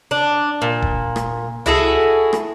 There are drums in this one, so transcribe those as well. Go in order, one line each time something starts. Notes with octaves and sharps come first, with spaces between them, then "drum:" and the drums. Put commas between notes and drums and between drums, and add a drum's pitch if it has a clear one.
D4
A#2
drum: kick E1
drum: rim click
E4 F#4 G#4 A4, drum: tom C#2
drum: rim click